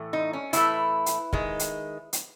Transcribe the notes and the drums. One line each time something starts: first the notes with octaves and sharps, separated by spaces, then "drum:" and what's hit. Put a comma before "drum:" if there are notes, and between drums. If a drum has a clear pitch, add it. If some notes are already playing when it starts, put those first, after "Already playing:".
Already playing: A2 E3 A3
D#4
C#4
A2 E3 A3 E4, drum: hi-hat
drum: hi-hat
D#3 G#3, drum: kick
drum: hi-hat
drum: hi-hat